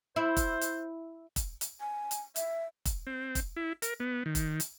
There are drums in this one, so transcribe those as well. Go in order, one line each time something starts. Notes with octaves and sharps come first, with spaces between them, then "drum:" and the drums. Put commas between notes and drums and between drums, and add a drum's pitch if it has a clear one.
E4 C5
drum: kick, hi-hat
drum: hi-hat
drum: kick, hi-hat
drum: hi-hat
G#5
drum: hi-hat
E5, drum: hi-hat
drum: kick, hi-hat
C4
drum: kick, hi-hat
E4
A#4, drum: hi-hat
B3
D#3
drum: kick, hi-hat
drum: hi-hat